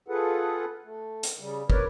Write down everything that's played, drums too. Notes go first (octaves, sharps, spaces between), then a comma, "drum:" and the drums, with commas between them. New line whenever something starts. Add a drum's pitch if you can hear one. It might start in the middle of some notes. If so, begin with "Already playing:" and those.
F4 G#4 A4 B4 F#5
A3
drum: hi-hat
C#3 G3
A#4 B4 C#5 D5, drum: kick